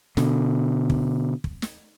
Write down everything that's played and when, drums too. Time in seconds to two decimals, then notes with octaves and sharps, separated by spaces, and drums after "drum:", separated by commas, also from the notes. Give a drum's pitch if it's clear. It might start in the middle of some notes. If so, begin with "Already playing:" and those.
0.17 B2 D3, drum: snare
0.90 drum: kick
1.44 drum: kick
1.62 drum: snare